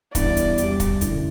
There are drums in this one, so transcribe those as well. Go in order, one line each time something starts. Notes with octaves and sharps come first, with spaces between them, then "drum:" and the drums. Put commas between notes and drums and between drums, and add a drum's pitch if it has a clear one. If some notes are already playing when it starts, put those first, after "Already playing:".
G2 E3 B3 E4 D5, drum: kick, hi-hat
drum: hi-hat
E2 B2 G3, drum: hi-hat
drum: kick, hi-hat
F#2 D3 A3 E4, drum: hi-hat